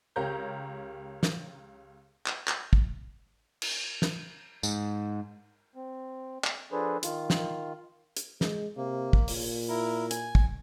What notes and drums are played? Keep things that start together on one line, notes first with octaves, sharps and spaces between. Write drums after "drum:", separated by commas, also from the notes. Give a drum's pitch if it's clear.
C#2 G4 A#4 C#5 A#5 G6
drum: snare
drum: clap
drum: clap
drum: kick
drum: cymbal
drum: snare
G#2, drum: tambourine
C4
drum: clap
F3 D4 G#4 A4 B4 C5
D#3 F4, drum: hi-hat
drum: snare
drum: hi-hat
G#3, drum: snare
C3 A#3
drum: kick
A#2, drum: open hi-hat
E4 A#4
G#5, drum: hi-hat
drum: kick